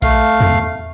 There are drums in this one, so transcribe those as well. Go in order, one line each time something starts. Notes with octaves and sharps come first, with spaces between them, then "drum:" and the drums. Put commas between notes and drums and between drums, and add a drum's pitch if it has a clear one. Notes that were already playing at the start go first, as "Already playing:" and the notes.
A3 F5, drum: kick A#1, hi-hat
drum: tom E2